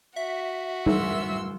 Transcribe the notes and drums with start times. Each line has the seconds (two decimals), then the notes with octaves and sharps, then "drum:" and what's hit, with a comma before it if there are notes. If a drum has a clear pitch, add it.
0.16 F#4 E5
0.86 G#1 D2 E3 C6 E6, drum: tom